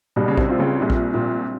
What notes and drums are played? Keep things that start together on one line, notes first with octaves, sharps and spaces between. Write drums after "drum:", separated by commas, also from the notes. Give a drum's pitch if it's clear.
B1 B2 G3
C#3
C2 C3, drum: kick A#1
C4 F4
C#2 C#3
A#1 A#2 G3
drum: kick A#1
A#1 A#2 C4 F4